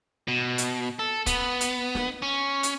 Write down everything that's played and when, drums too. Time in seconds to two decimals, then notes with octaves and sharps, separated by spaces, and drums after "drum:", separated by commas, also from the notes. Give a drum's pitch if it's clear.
0.28 B2
0.58 drum: hi-hat
0.99 A4
1.26 B3, drum: kick, hi-hat
1.61 drum: hi-hat
1.95 drum: snare
2.22 C#4
2.63 drum: hi-hat